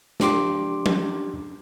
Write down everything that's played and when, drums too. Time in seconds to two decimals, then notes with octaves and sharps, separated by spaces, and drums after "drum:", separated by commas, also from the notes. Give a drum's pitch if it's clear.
0.20 F3 D4 G4 C6 D6, drum: snare
0.86 drum: tom F3